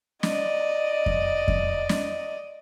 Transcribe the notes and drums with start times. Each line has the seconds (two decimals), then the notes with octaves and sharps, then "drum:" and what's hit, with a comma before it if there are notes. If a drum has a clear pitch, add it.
0.23 D5 D#5, drum: snare
1.06 drum: kick F2
1.48 drum: kick F2
1.89 drum: snare